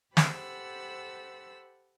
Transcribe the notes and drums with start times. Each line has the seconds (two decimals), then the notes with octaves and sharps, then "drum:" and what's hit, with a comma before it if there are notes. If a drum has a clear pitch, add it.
0.17 G4 A4 C5 F#5 B5 E6, drum: snare